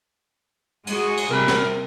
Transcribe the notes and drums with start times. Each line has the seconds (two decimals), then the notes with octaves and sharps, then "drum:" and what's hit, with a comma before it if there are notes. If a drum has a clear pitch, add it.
0.87 G#3 F#4 G#4, drum: cymbal
1.17 drum: cymbal
1.31 C3 G3 A#4 B5
1.48 drum: snare